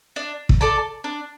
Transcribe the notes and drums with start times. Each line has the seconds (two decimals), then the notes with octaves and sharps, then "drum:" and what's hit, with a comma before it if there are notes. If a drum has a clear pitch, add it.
0.16 D4
0.49 drum: kick
0.61 A4 D5 A5
1.04 D4